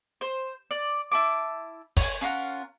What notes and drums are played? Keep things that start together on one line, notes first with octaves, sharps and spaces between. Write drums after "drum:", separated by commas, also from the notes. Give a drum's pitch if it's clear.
C5
D5
E4 A5 D6
C#5 G#5, drum: kick, open hi-hat
C#4 F4 A#4 F#5